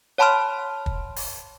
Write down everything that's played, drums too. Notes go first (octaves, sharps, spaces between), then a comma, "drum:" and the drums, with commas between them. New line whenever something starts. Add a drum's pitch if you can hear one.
C#5 F#5 A5 B5 C6 F6
drum: kick
drum: open hi-hat